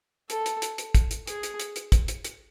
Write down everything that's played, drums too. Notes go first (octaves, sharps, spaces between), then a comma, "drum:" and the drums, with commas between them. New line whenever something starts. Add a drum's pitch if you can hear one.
A4, drum: hi-hat
drum: hi-hat
drum: hi-hat
drum: hi-hat
drum: kick, hi-hat
drum: hi-hat
G#4, drum: hi-hat
drum: hi-hat
drum: hi-hat
drum: hi-hat
drum: kick, hi-hat
drum: hi-hat
drum: hi-hat